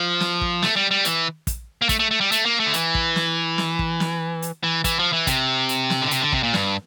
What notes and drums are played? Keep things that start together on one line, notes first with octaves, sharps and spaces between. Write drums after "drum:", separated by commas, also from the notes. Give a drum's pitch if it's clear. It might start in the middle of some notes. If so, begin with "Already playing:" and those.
Already playing: F3
drum: snare
drum: kick
A3, drum: snare
G3
G3
E3, drum: hi-hat
drum: kick, hi-hat
A#3
A3, drum: kick, hi-hat
A3
A3
G3
A3, drum: hi-hat
A#3
A3
D3
E3, drum: hi-hat
drum: kick
drum: snare
drum: snare
drum: kick
drum: snare
drum: hi-hat
E3
E3, drum: kick, hi-hat
F3
E3
C3, drum: kick, hi-hat
drum: hi-hat
drum: snare
D3
C3, drum: hi-hat
D3
C3, drum: kick
A#2
G2, drum: snare